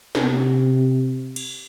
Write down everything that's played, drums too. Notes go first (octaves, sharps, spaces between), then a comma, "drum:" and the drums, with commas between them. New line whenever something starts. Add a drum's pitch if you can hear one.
C3, drum: snare
drum: cymbal